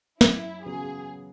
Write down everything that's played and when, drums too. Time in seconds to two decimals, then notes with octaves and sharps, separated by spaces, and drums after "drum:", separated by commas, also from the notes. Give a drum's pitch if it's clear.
0.21 F#2 E4, drum: snare
0.65 C#3 F#3 B3 G#4